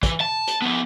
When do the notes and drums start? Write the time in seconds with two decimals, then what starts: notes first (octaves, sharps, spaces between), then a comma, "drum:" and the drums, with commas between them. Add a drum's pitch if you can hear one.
0.03 E3, drum: kick, hi-hat
0.21 A5
0.47 drum: hi-hat
0.62 F3 B3